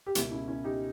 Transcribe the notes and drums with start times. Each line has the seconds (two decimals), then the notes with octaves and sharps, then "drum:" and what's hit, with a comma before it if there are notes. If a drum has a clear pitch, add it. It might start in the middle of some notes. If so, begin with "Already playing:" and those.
0.06 G4
0.15 C#2 B2 A#3 C#4 E4, drum: hi-hat
0.31 C#4 E4
0.48 C#4 E4
0.64 D#4 G4